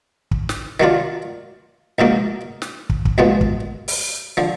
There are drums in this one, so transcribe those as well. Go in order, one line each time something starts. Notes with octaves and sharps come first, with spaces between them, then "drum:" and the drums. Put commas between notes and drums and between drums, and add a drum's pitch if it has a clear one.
drum: kick
drum: snare
D#3 F#3 D4 F4
A#1 G#2 F#3 A#3 D#4
drum: snare
drum: kick
drum: kick
B1 A#2 F3 G#3 B3
drum: kick
drum: open hi-hat
D3 F3